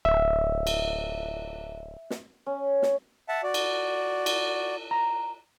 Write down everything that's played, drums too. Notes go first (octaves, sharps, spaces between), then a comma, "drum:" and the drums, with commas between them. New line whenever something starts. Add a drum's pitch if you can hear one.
D1 E5
drum: cymbal
drum: snare
C#4
drum: snare
E5 F#5 A5
F#4 D5
drum: cymbal
drum: cymbal
A#5